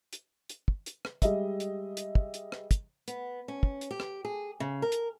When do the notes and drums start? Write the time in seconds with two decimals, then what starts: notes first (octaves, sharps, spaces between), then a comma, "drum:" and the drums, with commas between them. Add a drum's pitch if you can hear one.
0.13 drum: hi-hat
0.49 drum: hi-hat
0.68 drum: kick
0.86 drum: hi-hat
1.05 drum: rim click
1.22 G3 G#3 D#5 E5, drum: kick, hi-hat
1.60 drum: hi-hat
1.97 drum: hi-hat
2.15 drum: kick
2.34 drum: hi-hat
2.52 drum: rim click
2.71 drum: kick, hi-hat
3.08 B3, drum: hi-hat
3.48 C#4
3.63 drum: kick
3.81 drum: hi-hat
3.91 G4
4.00 drum: rim click
4.25 G#4
4.60 C#3
4.82 A#4
4.92 drum: hi-hat